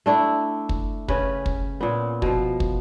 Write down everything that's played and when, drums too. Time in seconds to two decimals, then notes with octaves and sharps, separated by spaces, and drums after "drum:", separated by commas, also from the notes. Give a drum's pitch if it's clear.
0.06 A3 D4 E4
0.69 drum: kick
1.08 C#3 C#4 B4, drum: kick
1.46 drum: kick
1.81 A#2 B3
2.22 B2 F3, drum: kick
2.60 drum: kick